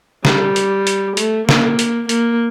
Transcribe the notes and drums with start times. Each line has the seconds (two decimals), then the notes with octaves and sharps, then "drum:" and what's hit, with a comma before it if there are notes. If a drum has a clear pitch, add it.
0.25 G3, drum: snare
0.56 drum: hi-hat
0.87 drum: hi-hat
1.17 A3, drum: hi-hat
1.49 A#3, drum: snare
1.79 drum: hi-hat
2.09 A#3, drum: hi-hat